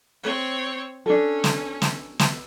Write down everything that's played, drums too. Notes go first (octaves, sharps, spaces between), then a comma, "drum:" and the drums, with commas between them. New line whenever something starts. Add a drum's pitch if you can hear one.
C4 C#5
C#4 D4 A4
drum: snare
drum: snare
drum: snare